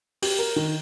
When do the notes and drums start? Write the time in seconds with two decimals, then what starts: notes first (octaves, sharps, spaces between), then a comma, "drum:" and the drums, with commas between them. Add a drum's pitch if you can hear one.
0.22 G4, drum: open hi-hat
0.39 A#4
0.56 D#3